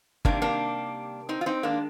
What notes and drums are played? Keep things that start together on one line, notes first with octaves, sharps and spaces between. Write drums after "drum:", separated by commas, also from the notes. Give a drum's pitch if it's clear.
C3 D#3 G3 A#3 D4, drum: kick G1
A#3 D4
C4 D#4
F4
C4 D#4
D#3 G#3 A#3 D4